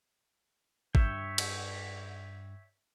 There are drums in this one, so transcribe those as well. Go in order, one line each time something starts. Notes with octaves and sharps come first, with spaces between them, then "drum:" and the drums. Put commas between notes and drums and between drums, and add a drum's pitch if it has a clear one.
G2 C#5 E5 G5, drum: kick G#1
drum: cymbal